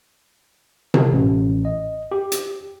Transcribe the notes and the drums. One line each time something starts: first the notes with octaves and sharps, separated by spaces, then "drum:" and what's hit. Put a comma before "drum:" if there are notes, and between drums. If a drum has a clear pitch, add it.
drum: tom C3
A1
D#5
G4
drum: hi-hat